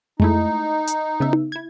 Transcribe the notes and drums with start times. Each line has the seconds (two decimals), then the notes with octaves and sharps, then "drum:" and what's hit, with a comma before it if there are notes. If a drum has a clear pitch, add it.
0.20 G#3 A3 D#4 E4, drum: tom F2
0.87 drum: hi-hat
1.20 C#3 B3 E5
1.33 drum: tom D#4
1.52 E4 G#6